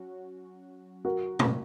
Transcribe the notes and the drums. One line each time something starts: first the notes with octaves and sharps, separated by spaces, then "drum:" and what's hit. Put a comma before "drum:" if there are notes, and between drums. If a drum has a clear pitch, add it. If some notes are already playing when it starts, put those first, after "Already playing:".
Already playing: F#3 C#4 F#4
F#4 A#4
drum: tom